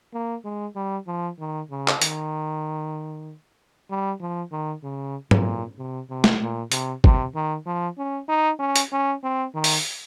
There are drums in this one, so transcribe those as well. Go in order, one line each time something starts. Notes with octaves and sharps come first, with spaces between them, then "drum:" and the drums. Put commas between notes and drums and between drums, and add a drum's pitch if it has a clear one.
A#3
G#3
G3
F3
D#3
C#3
drum: clap
D#3, drum: hi-hat
G3
F3
D#3
C#3
A#2, drum: tom
C3
C3
drum: snare
A#2
C3, drum: hi-hat
C3, drum: kick
D#3
F3
C#4
D#4
C#4
drum: hi-hat
C#4
C4
D#3
drum: open hi-hat